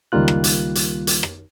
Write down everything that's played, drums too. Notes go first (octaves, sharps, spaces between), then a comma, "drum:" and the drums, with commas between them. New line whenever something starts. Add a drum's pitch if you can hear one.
C#2 D#3 G3 A#3 F4 F#6
drum: rim click
drum: hi-hat
drum: hi-hat
drum: hi-hat
drum: rim click